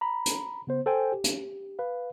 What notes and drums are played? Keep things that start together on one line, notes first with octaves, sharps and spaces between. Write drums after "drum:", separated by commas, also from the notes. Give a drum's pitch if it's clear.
A#5 B5
drum: hi-hat
C#3 B3 C5
A4 C5 G5 G#5
G4
drum: hi-hat
B4 F5